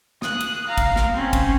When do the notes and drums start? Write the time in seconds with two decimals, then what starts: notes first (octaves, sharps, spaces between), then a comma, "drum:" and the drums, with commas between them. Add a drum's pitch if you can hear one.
0.22 D#6 F#6, drum: snare
0.41 drum: cymbal
0.68 F5 A#5
0.77 drum: kick, cymbal
0.96 drum: snare
1.14 C4 C#4
1.33 drum: kick, cymbal